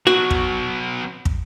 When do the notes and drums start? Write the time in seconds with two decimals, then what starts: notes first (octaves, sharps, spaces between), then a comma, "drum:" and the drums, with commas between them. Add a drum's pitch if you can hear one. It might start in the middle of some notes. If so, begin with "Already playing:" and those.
0.07 B2 F#3 F#4
0.30 drum: kick
1.25 drum: kick